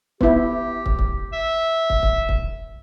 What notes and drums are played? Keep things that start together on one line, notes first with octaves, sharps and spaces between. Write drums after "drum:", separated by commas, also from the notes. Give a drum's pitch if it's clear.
B3 E4 G4, drum: kick
drum: kick
drum: kick
E5
drum: kick
drum: kick
drum: kick